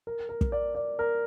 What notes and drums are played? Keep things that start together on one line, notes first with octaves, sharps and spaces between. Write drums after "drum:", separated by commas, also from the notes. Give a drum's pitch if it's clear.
A#4
A#4
drum: kick
D5
D5
A#4